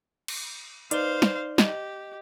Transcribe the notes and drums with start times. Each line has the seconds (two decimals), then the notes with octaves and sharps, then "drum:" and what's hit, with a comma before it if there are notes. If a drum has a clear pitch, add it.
0.28 drum: cymbal
0.91 D#4 B4 C5 D5 F5 G7, drum: hi-hat
1.22 drum: snare
1.58 G4 D#5, drum: snare